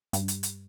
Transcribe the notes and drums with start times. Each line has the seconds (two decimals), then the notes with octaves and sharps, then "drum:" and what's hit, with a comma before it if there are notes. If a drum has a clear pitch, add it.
0.13 G2, drum: hi-hat
0.28 drum: hi-hat
0.43 drum: hi-hat